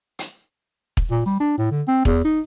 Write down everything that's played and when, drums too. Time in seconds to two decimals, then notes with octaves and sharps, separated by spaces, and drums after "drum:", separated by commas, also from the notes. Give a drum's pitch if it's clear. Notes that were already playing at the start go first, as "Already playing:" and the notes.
0.19 drum: hi-hat
0.97 drum: kick
1.11 A#2
1.26 G3
1.40 D4
1.58 A2
1.71 D3
1.88 C4
2.05 E2, drum: kick
2.25 D#4